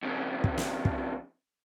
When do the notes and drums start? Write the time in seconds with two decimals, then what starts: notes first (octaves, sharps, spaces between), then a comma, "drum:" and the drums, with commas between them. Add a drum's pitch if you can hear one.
0.03 F2 C#3
0.44 drum: kick
0.58 drum: snare
0.85 drum: kick